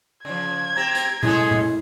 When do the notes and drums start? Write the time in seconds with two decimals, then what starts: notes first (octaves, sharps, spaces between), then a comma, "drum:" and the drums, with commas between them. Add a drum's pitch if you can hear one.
0.25 C#3 F3 G#6
0.76 C4 G4 A#5
0.95 drum: hi-hat
1.23 G#3 C#4 E4 G#4 A4, drum: tom A#2
1.51 drum: tom A#2